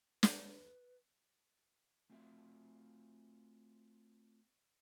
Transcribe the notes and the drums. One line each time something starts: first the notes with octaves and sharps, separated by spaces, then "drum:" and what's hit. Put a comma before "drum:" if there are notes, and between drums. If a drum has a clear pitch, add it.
B4, drum: snare
A3 C4 F4 F#4 D#5 E5